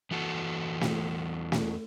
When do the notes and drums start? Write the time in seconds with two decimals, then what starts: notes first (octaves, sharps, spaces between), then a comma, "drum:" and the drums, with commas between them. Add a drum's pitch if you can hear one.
0.11 E2 E3 F#4 A4 F#5
0.81 drum: snare
1.52 drum: snare